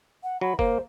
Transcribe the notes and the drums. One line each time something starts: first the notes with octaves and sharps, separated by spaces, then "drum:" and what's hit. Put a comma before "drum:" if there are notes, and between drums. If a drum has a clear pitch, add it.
F#5
F#3 B5
A#3 C5, drum: kick